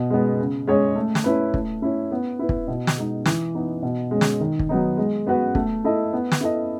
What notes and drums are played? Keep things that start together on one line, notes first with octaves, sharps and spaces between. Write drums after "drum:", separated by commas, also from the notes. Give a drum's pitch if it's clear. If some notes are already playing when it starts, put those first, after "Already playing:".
Already playing: B2
G#3 B3
C#3
G#3 C#4 G#4 C#5
A3
drum: snare
C#4 E4 B4
A3, drum: kick
C#4 E4
B3
E4 B4
drum: kick
B2
drum: snare
G#3 D#4
E3, drum: snare
B3 D#4
B2
G#3 C#4
drum: snare
D#3
drum: kick
F#3 B3 D#4
G#3
B3 F#4 B4
A3, drum: kick
E4 A4 D#5
B3
drum: snare
E4 A4 D#5